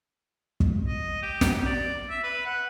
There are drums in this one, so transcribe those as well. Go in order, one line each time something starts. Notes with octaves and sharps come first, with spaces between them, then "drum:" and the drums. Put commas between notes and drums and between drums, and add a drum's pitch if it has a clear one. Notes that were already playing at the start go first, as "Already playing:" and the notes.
drum: kick
D#5
G4
drum: snare
D5
E5
B4
F#5